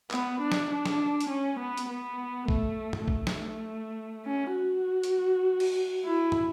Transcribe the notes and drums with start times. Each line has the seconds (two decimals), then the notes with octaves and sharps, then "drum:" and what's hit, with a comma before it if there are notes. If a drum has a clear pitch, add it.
0.11 B3, drum: clap
0.41 D4
0.52 drum: snare
0.70 D4
0.85 drum: snare
1.20 drum: hi-hat
1.30 C#4
1.59 B3
1.78 drum: hi-hat
1.89 B3
2.48 A3, drum: kick
2.93 drum: tom
3.08 A3, drum: kick
3.27 drum: snare
4.26 C#4
4.55 F#4
5.03 drum: hi-hat
5.60 drum: cymbal
6.04 E4
6.32 drum: tom